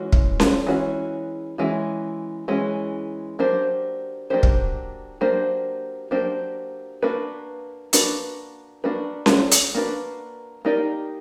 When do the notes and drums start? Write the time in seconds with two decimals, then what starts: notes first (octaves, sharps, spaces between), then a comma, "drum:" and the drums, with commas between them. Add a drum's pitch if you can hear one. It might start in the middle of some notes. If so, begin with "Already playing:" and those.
Already playing: E3 G#3 C#4 F#4
0.12 drum: kick
0.40 drum: snare C#4
0.66 E3 G#3 C#4 F#4
1.58 E3 G#3 C#4 F#4
2.48 E3 G#3 C#4 F#4
3.39 F#3 A#3 D4 G4 C5
4.30 F#3 A#3 D4 G4 C5
4.43 drum: kick
5.21 F#3 A#3 D4 G4 C5
6.11 F#3 A#3 D4 G4 C5
7.02 A#3 D4 F#4 B4
7.93 A#3 D4 F#4 B4, drum: hi-hat
8.84 A#3 D4 F#4 B4
9.26 drum: snare C#4
9.51 drum: hi-hat
9.75 A#3 D4 F#4 B4
10.65 A#3 D#4 G4 A#4 D5